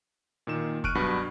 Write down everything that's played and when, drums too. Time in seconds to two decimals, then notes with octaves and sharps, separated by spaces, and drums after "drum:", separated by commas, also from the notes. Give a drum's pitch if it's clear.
0.47 A#2 D#3 E7
0.84 C#6 F6 F#6 D7 D#7, drum: kick
0.95 G2 B2 F#3 F#5 B5